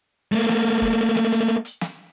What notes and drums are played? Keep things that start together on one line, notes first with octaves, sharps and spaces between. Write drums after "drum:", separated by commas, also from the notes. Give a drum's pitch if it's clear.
A3 A#3, drum: hi-hat
drum: snare
drum: kick F1
drum: snare
drum: hi-hat
drum: hi-hat
drum: snare